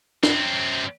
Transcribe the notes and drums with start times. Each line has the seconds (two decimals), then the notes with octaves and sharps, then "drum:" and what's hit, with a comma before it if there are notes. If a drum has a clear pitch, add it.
0.23 F#2 C4, drum: snare D4